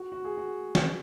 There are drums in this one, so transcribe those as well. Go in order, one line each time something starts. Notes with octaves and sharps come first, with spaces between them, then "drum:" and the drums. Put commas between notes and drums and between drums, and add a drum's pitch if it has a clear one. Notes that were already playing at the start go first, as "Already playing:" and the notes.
Already playing: F#4
F#4
G#4
F#4
drum: snare